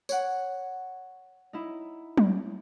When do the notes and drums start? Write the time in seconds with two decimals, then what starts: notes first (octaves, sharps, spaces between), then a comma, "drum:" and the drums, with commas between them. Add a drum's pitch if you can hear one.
0.09 C#5 F#5, drum: tambourine
1.53 D#4 E4
2.18 drum: tom F#3